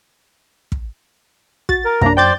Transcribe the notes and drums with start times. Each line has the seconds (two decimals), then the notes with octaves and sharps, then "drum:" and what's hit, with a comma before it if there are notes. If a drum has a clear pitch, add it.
0.72 drum: kick
1.69 F#4 A6, drum: kick
1.85 A#4
2.01 F#2 C3 A#3 D4 A#5, drum: kick
2.17 C5 D5 G5 G6 A6